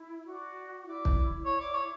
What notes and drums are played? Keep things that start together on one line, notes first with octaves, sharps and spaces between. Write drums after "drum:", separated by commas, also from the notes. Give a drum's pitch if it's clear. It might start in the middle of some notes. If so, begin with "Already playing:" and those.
Already playing: E4
F#4 D5
E4 D5
drum: kick
E4 C#5
D5
C#5